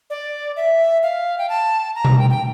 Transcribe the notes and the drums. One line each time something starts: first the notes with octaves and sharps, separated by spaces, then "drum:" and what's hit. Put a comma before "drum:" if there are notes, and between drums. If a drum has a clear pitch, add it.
D5
E5
F5
G5
A5
A#5
drum: tom B2
G5
G5